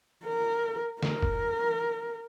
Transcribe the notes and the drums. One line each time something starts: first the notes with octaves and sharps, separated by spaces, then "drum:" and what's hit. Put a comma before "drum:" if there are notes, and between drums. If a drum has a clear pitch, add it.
A#4
A#4, drum: snare
drum: kick F1